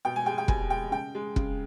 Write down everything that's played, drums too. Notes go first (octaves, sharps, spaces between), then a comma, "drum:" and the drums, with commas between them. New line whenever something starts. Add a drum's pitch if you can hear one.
B2 G5
G#5
G#3 G5
G5
B2 G#5, drum: kick
G#3 G5
C#3 G5
G#3
C#3, drum: kick